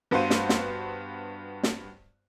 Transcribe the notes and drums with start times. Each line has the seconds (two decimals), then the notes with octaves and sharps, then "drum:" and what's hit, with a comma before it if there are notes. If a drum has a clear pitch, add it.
0.11 G2 B3 F#4 C5 F5 D#7
0.30 drum: snare
0.49 drum: snare
1.63 drum: snare